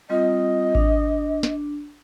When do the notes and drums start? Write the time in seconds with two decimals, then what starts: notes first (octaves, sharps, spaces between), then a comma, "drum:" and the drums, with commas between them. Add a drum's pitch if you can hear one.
0.10 G3 C4 F4 D#5
0.75 D4, drum: kick G#1
1.43 drum: snare